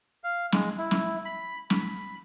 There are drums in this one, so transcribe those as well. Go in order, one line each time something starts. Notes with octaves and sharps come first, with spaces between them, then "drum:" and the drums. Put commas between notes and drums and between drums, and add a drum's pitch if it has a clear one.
F5
G#3, drum: snare
E4
drum: snare
B5
B5, drum: snare